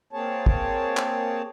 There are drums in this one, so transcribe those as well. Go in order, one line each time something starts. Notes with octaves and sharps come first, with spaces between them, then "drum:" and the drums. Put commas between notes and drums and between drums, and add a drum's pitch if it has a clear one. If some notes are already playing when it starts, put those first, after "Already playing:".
A#3 C4 G#4 C#5 A5
drum: kick
drum: clap